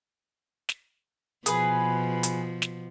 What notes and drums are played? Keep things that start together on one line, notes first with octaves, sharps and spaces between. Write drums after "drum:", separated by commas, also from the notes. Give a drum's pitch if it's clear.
drum: snare
B2 F3 G#4 B4, drum: hi-hat
drum: hi-hat
drum: snare